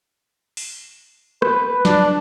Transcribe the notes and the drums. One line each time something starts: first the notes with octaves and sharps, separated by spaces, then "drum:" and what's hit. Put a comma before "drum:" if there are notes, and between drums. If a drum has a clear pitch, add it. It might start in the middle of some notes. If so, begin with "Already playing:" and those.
drum: open hi-hat
B4, drum: rim click
D4, drum: snare